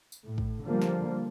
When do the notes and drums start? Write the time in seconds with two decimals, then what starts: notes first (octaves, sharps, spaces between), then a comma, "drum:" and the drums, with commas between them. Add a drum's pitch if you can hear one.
0.12 drum: tambourine
0.24 A2
0.38 drum: kick
0.65 D3 F3 G3 A#3
0.82 drum: snare